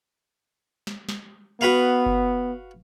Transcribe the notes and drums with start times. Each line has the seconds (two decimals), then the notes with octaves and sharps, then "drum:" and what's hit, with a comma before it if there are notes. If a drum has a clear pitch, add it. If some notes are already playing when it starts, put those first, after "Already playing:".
0.87 drum: snare
1.09 drum: snare
1.61 B3 F#4 B4 F5
2.06 drum: kick G1